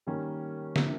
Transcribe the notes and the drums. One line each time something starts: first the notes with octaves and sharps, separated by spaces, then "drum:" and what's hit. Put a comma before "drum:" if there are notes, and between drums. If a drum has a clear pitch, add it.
D#3 G3 A#3 C#4
C3 F3 A#3, drum: snare